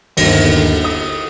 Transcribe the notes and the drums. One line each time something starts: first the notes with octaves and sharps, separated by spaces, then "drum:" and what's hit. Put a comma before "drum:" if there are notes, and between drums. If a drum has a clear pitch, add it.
G1 D#2, drum: cymbal
D#6